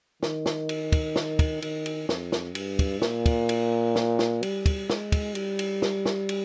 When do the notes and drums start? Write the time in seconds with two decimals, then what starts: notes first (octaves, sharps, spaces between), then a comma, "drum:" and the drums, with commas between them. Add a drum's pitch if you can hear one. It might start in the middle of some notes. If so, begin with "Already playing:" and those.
0.23 D#3, drum: snare
0.46 drum: snare
0.69 drum: cymbal
0.92 drum: kick, cymbal
1.16 drum: snare
1.39 drum: kick, cymbal
1.62 D#3, drum: cymbal
1.86 drum: cymbal
2.09 F2, drum: snare
2.32 drum: snare
2.55 G2, drum: cymbal
2.79 drum: kick, cymbal
3.02 A#2, drum: snare
3.26 drum: kick, cymbal
3.49 drum: cymbal
3.96 drum: snare
4.19 drum: snare
4.43 G3, drum: cymbal
4.66 drum: kick, cymbal
4.90 G#3, drum: snare
5.12 drum: kick, cymbal
5.35 G3, drum: cymbal
5.59 drum: cymbal
5.82 drum: snare
6.06 drum: snare
6.29 drum: cymbal